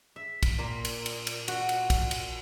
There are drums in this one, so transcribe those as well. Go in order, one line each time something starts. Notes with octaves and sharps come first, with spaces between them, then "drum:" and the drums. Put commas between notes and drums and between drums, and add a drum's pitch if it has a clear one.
E5
drum: kick, cymbal
A#2
drum: cymbal
drum: cymbal
drum: cymbal
F#4, drum: cymbal
drum: cymbal
drum: kick, cymbal
drum: cymbal